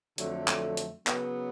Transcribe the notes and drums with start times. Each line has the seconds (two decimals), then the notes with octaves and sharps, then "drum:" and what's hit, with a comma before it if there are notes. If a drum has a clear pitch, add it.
0.18 F2 D3 F#3 A3, drum: hi-hat
0.48 drum: clap
0.77 drum: hi-hat
1.07 C#3 F#3 B3, drum: clap